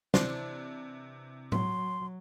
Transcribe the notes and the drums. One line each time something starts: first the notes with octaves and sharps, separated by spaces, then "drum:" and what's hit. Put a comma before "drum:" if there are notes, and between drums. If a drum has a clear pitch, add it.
C3 E3 D4 C5 A5, drum: snare
F#3 C6, drum: tom A2